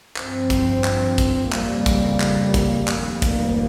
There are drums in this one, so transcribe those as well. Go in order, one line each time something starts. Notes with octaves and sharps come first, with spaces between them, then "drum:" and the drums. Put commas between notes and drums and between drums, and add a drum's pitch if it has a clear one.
G2 F3 C4, drum: clap
drum: kick, hi-hat
drum: clap
drum: kick, hi-hat
F2 C#3 G3 A#3, drum: clap
drum: kick, hi-hat
drum: clap
drum: kick, hi-hat
F1 F2 D#3 G3 A#3, drum: clap
drum: kick, hi-hat